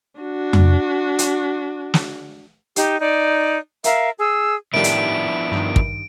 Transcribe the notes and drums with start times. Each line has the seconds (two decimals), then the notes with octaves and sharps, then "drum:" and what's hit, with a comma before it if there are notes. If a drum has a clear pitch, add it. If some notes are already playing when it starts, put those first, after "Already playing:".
0.20 D4 F#4
0.53 drum: tom F2
1.19 drum: hi-hat
1.94 drum: snare
2.76 D#4 G4, drum: hi-hat
3.00 D#4 D5
3.84 A#4 E5 F5, drum: hi-hat
4.17 G#4 E6
4.74 A2 D#3 F3 G3 B3 D4 E4 D7
4.84 drum: hi-hat
5.52 G2 D#3
5.76 drum: kick